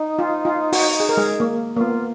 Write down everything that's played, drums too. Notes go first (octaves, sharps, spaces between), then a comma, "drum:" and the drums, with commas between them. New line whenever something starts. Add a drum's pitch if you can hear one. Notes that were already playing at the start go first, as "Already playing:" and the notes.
Already playing: D#4
F4
F4
F#4, drum: open hi-hat
G#4
A#4
G#3 G#4
A#3
A#3
B3 F4